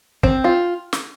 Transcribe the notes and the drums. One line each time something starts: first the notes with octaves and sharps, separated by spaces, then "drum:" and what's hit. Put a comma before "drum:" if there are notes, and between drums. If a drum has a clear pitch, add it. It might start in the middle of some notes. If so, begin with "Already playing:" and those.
C4, drum: kick
F4
drum: snare